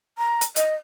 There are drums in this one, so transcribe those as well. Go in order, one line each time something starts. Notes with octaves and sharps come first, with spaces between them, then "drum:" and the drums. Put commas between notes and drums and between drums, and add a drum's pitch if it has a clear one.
A#5
drum: hi-hat
D#5, drum: hi-hat